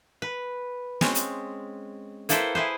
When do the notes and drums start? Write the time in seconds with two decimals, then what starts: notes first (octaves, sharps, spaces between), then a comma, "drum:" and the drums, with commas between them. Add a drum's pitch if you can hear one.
0.22 B4
1.01 G#3 C4 C#4, drum: snare
1.15 drum: hi-hat
2.29 A#3 E4 A4 B4 C5 G5, drum: hi-hat
2.55 E4 G#4 B4 C5